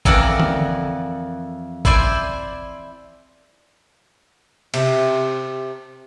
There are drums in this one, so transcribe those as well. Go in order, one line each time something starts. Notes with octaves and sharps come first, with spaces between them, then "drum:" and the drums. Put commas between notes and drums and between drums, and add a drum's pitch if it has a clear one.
F2 E3 A4 A#4 D5 F#5, drum: kick G#1
drum: tom D3
E4 C5 D5 G#5, drum: kick G#1
C3, drum: cymbal